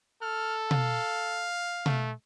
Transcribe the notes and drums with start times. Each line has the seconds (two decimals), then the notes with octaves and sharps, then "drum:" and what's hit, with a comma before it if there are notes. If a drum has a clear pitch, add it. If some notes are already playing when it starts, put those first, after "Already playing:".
0.22 A4 F6
0.71 F5, drum: tom B2
1.86 A3, drum: tom B2